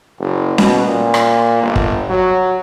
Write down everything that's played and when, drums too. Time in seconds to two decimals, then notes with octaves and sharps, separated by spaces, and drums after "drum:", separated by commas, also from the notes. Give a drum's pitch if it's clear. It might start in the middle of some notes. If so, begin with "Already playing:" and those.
0.20 F#1
0.58 B2, drum: snare C#4
0.86 A#2
1.14 drum: rim click
1.63 G1
1.76 drum: kick
2.10 F#3